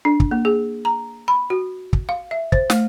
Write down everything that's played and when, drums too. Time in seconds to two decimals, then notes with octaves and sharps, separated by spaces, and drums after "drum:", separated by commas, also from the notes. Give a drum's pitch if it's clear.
0.05 D4
0.20 drum: kick
0.31 A#3
0.45 G#4
0.85 A#5
1.28 B5
1.50 F#4
1.93 drum: kick
2.09 F5
2.31 E5
2.52 C5, drum: kick
2.70 A3, drum: snare